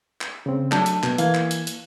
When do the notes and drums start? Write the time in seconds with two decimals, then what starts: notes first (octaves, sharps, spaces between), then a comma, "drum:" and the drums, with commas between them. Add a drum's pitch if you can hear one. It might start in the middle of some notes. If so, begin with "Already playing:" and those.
0.21 drum: clap
0.46 C#3 C4
0.72 F#3 A3 D4, drum: clap
0.86 drum: hi-hat
1.03 B2, drum: clap
1.18 E3 A#3 F5 G#6, drum: hi-hat
1.35 drum: clap
1.51 drum: hi-hat
1.67 drum: hi-hat